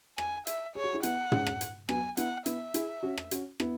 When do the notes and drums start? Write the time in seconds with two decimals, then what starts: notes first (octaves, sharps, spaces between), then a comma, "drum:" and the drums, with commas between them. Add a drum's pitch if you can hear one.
0.18 G#5, drum: rim click
0.47 E5, drum: hi-hat
0.75 G#4 C#5
0.84 F#4
0.93 E4 G#4
1.03 B3 E4 F#5, drum: hi-hat
1.32 G#3 C#4, drum: tom
1.47 drum: rim click
1.61 drum: hi-hat
1.89 F#3 B3 G#5, drum: rim click
2.17 B3 E4 F#5, drum: hi-hat
2.46 B3 E4 E5, drum: hi-hat
2.74 E4 G#4, drum: hi-hat
3.03 C#4 F#4
3.18 drum: rim click
3.31 C#4 F#4, drum: hi-hat
3.60 B3 E4, drum: rim click